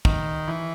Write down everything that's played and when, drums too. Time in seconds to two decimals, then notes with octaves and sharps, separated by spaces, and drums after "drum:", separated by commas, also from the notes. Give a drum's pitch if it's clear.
0.05 D#3, drum: kick
0.48 E3